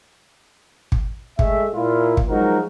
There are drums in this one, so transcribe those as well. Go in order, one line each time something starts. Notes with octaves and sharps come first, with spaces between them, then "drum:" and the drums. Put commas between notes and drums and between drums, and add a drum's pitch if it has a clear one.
drum: kick
G#3 A3 E5, drum: kick
A#2 E4 F4
drum: kick
F3 F#3 G#3 D#4 F#4 A#4